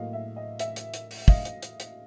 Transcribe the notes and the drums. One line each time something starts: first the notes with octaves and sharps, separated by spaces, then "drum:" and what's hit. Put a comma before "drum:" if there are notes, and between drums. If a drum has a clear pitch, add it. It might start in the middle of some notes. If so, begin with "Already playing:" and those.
Already playing: A2 F#3 A#3 D#5 F5
E5
D#5
E5, drum: hi-hat
drum: hi-hat
drum: hi-hat
drum: open hi-hat
D#5 F5, drum: kick
drum: hi-hat
drum: hi-hat
drum: hi-hat